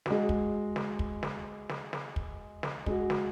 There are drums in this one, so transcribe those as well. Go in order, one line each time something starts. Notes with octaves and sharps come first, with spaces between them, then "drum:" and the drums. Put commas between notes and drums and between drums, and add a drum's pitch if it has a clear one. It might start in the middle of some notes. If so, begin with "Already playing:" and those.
G#3 F#4, drum: snare
drum: kick
drum: snare
drum: kick
drum: snare
drum: snare
drum: snare
drum: kick
drum: snare
G#3 F#4, drum: kick
drum: snare